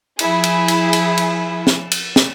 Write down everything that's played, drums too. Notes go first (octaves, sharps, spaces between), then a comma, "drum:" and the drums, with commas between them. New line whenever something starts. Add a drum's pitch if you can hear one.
F3 E4 G#4, drum: cymbal
drum: cymbal
drum: cymbal
drum: cymbal
drum: cymbal
drum: snare
drum: cymbal
drum: snare